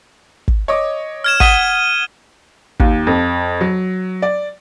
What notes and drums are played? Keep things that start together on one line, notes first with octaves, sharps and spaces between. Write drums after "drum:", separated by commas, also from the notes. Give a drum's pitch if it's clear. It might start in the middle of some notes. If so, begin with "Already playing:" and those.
drum: kick
C#5 D#5 D6
F6 G#6 E7
F#5 D#6 B6 D#7 G7, drum: kick
D#2, drum: kick
F2
F#3
D5